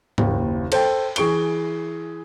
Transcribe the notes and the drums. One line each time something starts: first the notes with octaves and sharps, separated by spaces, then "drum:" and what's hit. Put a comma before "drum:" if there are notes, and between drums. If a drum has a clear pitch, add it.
F#1 D#2, drum: tom G#2
A4 C5 G5, drum: cymbal
E3 G#4 C#6 D7 G7, drum: cymbal